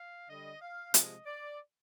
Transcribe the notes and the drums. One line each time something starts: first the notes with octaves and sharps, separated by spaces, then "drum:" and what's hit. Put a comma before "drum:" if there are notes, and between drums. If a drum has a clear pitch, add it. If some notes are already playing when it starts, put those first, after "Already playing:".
Already playing: F5
D3 G3 D#5
F5
C3 F3 G#3 D#5, drum: hi-hat
D5